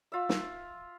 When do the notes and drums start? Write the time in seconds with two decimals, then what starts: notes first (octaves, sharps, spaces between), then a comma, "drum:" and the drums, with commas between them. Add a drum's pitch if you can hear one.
0.12 F4 E5
0.29 drum: snare